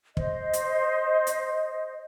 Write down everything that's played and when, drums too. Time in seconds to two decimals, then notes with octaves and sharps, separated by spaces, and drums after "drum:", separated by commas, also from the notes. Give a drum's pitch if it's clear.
0.17 C5 D#5, drum: kick
0.53 drum: hi-hat
1.27 drum: hi-hat